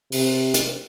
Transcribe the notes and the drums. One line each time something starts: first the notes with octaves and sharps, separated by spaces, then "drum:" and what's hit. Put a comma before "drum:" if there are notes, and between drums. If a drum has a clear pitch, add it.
C3, drum: open hi-hat
drum: hi-hat